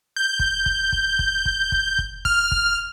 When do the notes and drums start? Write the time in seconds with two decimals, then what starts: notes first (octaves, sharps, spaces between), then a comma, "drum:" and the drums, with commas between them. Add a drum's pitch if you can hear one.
0.16 G6
0.39 drum: kick
0.66 drum: kick
0.92 drum: kick
1.19 drum: kick
1.46 drum: kick
1.72 drum: kick
1.99 drum: kick
2.25 F6, drum: kick
2.52 drum: kick